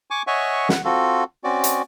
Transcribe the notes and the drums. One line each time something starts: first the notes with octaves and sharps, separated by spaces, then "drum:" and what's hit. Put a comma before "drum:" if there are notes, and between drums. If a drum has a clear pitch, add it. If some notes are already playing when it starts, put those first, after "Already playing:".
G#5 C#6 D6
C#5 D#5 E5 F#5 G#5 C#6
F#5, drum: snare
C4 F4 F#4 A4
C4 C#4 F#4 D5
drum: hi-hat